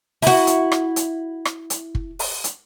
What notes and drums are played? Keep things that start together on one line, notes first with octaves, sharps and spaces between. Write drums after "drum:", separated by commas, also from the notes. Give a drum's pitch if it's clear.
E4 F#4, drum: open hi-hat
drum: hi-hat
drum: rim click
drum: hi-hat
drum: rim click
drum: hi-hat
drum: kick
drum: open hi-hat
drum: hi-hat